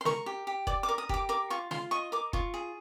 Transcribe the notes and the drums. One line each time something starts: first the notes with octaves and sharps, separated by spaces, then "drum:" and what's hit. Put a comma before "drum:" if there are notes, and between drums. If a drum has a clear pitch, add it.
C6
A#4 C#6, drum: snare
G4
G4
D5 D6, drum: kick F1
D6
A#4
D#6
G4 D6, drum: kick F1
A#4 D6
F4 C#6
F4 C6, drum: snare
D#5 C#6
A#4 D6
F4 C#6, drum: kick F1
G#4